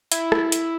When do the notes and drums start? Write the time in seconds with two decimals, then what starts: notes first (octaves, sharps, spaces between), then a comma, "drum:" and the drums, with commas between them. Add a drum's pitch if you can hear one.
0.12 E4, drum: hi-hat
0.32 drum: rim click
0.52 drum: hi-hat